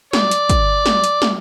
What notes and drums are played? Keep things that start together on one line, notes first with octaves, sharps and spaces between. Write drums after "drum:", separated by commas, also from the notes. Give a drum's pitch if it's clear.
D5, drum: snare
drum: hi-hat
drum: kick, hi-hat
drum: snare
drum: hi-hat
drum: snare